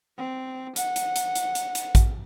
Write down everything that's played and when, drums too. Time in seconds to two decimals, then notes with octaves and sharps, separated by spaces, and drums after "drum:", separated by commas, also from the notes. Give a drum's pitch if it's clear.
0.18 C4
0.76 F#5, drum: hi-hat
0.96 drum: hi-hat
1.16 drum: hi-hat
1.35 drum: hi-hat
1.55 drum: hi-hat
1.75 drum: hi-hat
1.95 drum: kick A1, hi-hat